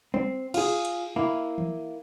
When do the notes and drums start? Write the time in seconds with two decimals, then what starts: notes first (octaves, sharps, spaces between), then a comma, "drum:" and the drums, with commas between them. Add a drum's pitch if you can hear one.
0.14 C4, drum: tom
0.54 F4 G#4, drum: cymbal
0.85 drum: hi-hat
1.16 A#3 E4
1.58 drum: tom E3